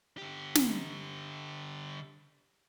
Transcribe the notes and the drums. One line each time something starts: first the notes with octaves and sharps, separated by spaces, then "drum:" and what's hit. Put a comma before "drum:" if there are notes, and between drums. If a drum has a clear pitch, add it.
D3 G4
drum: snare